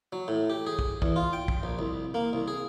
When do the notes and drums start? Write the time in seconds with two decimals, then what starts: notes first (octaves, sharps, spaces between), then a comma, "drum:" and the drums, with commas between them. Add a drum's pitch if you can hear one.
0.13 F#3
0.28 A2
0.50 G4
0.67 G#4
0.79 drum: kick
1.02 E2, drum: kick
1.16 F4
1.33 G5
1.48 drum: kick
1.63 A#1
1.79 C2
2.14 A#3
2.33 C2
2.48 G#4